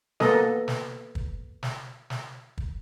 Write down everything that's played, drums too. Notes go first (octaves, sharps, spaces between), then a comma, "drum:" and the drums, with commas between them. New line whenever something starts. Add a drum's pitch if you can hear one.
A#3 B3 A4 D#5, drum: snare
drum: snare
drum: kick
drum: snare
drum: snare
drum: kick